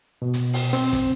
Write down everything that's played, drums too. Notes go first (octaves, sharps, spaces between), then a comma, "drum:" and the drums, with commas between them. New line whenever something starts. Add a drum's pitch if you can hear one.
B2
drum: hi-hat
drum: open hi-hat
C4, drum: hi-hat
drum: kick, hi-hat